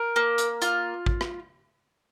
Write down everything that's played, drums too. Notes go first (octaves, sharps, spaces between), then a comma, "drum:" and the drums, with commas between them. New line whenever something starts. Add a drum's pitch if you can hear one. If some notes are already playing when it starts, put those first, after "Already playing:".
Already playing: A#4
A#3
drum: hi-hat
F4, drum: hi-hat
drum: kick
drum: rim click